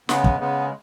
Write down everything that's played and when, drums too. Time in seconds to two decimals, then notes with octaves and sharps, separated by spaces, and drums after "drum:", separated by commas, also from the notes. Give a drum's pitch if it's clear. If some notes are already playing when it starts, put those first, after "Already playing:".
0.09 C#3 G#3 B3, drum: snare
0.24 drum: kick
0.39 C#3 G#3 B3